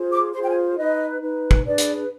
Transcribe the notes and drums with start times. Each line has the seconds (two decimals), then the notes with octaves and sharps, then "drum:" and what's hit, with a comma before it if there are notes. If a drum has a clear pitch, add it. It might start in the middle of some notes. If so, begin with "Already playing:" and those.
Already playing: F4 G#4 C5
0.12 D6
0.33 F4 G#4 C5 C6
0.43 G5
0.49 G#5
0.77 D#4 B4 D#5
1.21 D#4 B4
1.51 drum: kick
1.64 D4 G#4 B4 D5
1.78 drum: hi-hat